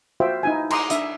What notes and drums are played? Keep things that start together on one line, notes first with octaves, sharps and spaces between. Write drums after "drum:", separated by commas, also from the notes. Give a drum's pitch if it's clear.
F4 F#4 C5 E5 G5
D#4 E4 G#5
A#5 C6 D6 D#6, drum: cymbal
D4 E5 D#6, drum: hi-hat